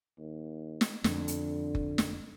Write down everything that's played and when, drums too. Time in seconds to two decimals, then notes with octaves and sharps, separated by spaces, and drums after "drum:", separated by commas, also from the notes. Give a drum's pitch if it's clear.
0.18 D#2
0.81 drum: snare
1.04 F2 D3, drum: snare
1.28 drum: hi-hat
1.75 drum: kick F#1
1.98 drum: snare